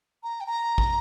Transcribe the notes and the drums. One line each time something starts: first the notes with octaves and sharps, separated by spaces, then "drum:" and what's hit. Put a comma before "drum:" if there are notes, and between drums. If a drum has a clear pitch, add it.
A#5
G5
A#5
drum: kick